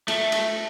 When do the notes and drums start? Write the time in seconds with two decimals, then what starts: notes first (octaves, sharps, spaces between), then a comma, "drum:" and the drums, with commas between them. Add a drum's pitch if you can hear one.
0.08 A3, drum: cymbal
0.32 drum: cymbal